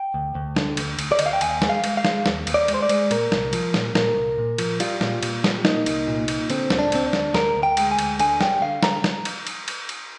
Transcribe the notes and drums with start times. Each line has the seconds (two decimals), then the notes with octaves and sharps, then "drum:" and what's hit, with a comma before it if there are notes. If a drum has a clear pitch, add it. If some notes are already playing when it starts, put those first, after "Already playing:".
Already playing: G5
0.14 D2
0.35 D2
0.56 D3, drum: snare
0.77 D2, drum: cymbal
0.99 D2, drum: cymbal
1.12 D5
1.19 D2 D#5, drum: cymbal
1.26 F5
1.33 G5
1.41 D#2 G#5, drum: cymbal
1.62 G#3, drum: snare
1.69 F5
1.84 G#3, drum: cymbal
1.97 F5
2.05 G#3, drum: snare
2.26 D#2, drum: snare
2.47 D#2, drum: cymbal
2.54 D5
2.68 G#3, drum: cymbal
2.74 C5
2.82 D5
2.89 G#3, drum: cymbal
3.11 A#2 A#4, drum: cymbal
3.32 C2, drum: snare
3.53 F3, drum: cymbal
3.74 A#2, drum: snare
3.95 A#2 A#4, drum: snare
4.16 C2
4.38 A#2
4.58 F3, drum: cymbal
4.80 G3 F4, drum: cymbal
5.01 A#2, drum: snare
5.23 A#2, drum: cymbal
5.44 G3, drum: snare
5.65 A#3 D#4, drum: snare
5.86 C2, drum: cymbal
6.07 A#2
6.28 A#2, drum: cymbal
6.50 D3 C4, drum: cymbal
6.70 D2, drum: snare
6.79 D4
6.92 D2 C4, drum: cymbal
7.06 D4
7.13 D2, drum: snare
7.34 D2 A#4, drum: snare
7.56 D2
7.63 G5
7.77 G#3, drum: cymbal
7.91 G#5
7.99 D2, drum: cymbal
8.19 D3 G#5, drum: cymbal
8.41 G3 G5, drum: snare
8.61 D3 F5
8.83 D3 A#5, drum: snare
9.04 drum: snare
9.25 drum: cymbal
9.47 drum: cymbal
9.68 drum: cymbal
9.89 drum: cymbal